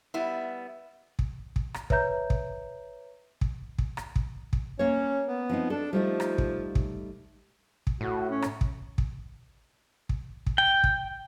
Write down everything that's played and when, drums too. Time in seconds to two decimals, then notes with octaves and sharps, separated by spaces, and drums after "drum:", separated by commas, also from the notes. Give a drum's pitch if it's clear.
0.14 G3 B3 E4
1.19 drum: kick
1.56 drum: kick
1.74 drum: rim click
1.90 B4 C#5 E5 A#5 G6, drum: kick
2.30 drum: kick
3.41 drum: kick
3.78 drum: kick
3.97 drum: rim click
4.16 drum: kick
4.53 drum: kick
4.79 A#3 C#4 C#5
5.27 B3
5.49 F3 C4 D#4
5.70 D4 A4
5.93 F3 G3 A3 D#4
6.20 drum: rim click
6.38 drum: kick
6.75 drum: kick
7.87 drum: kick
8.01 A2 F#4
8.30 C#4
8.42 drum: rim click
8.61 drum: kick
8.98 drum: kick
10.09 drum: kick
10.47 drum: kick
10.58 G5
10.84 drum: kick